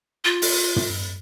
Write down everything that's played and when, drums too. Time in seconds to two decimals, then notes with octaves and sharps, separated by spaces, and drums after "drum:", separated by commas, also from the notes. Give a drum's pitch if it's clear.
0.25 F4
0.42 drum: open hi-hat
0.76 drum: tom